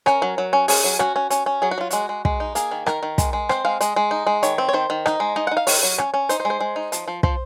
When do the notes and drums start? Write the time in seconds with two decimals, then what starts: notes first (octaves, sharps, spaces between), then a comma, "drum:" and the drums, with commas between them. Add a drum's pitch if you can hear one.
0.06 C#4 A#4, drum: rim click
0.22 F#3
0.38 F#3
0.53 C#4
0.68 C#4 G#4, drum: open hi-hat
0.84 F#3
0.99 C#4 F#4, drum: rim click
1.16 C#4
1.30 C#4, drum: hi-hat
1.46 C#4
1.62 F#3 G#4
1.71 F#4
1.78 F#3 F4
1.91 G#3 F#4, drum: hi-hat
2.09 G#3
2.25 G#3, drum: kick
2.40 D#4
2.55 A#3 G#4, drum: hi-hat
2.71 D#3
2.86 D#3 A#4, drum: rim click
3.03 D#3
3.18 G#3, drum: kick, hi-hat
3.33 G#3
3.49 C4 C5, drum: rim click
3.65 G#3 F5
3.81 G#3 D#5, drum: hi-hat
3.96 G#3
4.11 D#4
4.27 G#3
4.43 D#3 C#5, drum: hi-hat
4.58 C4
4.69 C#5
4.73 D#3 C5
4.90 D#3
5.06 D#4, drum: rim click
5.20 G#3
5.36 D#4 D#5
5.47 F#5
5.51 D#4
5.57 F5
5.67 D#3 C#5, drum: open hi-hat
5.83 F#3
5.98 C#4, drum: rim click
6.14 C#4
6.29 D#4 C5, drum: hi-hat
6.40 C5
6.45 G#3
6.50 C5
6.61 G#3
6.76 D#4
6.92 F3, drum: hi-hat
7.08 F3
7.23 F3 C5, drum: kick